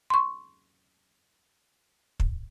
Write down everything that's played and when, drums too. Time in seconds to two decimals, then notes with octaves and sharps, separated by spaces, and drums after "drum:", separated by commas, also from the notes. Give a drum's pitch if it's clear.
0.10 C6 C#6
2.20 drum: kick